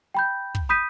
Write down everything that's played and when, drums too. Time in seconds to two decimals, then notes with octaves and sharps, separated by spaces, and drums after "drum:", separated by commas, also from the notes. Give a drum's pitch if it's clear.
0.14 G5 B5 G6
0.55 drum: kick
0.69 B5 D#6 G6 B6 D#7